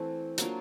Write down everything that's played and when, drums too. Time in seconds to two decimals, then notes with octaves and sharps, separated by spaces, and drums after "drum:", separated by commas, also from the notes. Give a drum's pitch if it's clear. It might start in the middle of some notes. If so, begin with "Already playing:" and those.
Already playing: E3 A3 C4
0.38 F#3 A#3 D4 F4, drum: hi-hat